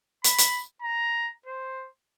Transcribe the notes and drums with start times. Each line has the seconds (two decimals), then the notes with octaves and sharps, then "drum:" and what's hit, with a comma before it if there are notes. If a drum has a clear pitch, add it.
0.24 B5, drum: hi-hat
0.38 drum: hi-hat
0.82 A#5
1.46 C5